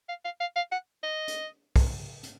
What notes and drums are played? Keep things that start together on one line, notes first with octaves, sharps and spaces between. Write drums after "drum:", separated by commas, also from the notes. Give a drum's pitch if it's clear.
F5
F5
F5
F5
F#5
D#5
drum: hi-hat
drum: kick, open hi-hat
drum: hi-hat